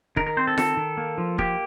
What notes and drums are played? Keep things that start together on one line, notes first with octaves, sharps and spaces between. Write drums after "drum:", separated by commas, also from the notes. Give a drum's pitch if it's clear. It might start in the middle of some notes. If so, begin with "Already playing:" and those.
D#3 A#4, drum: kick
A#4
C4 C5
A4
D#3 A4, drum: snare F4
D#3
A#3
F3
A#3 G4, drum: kick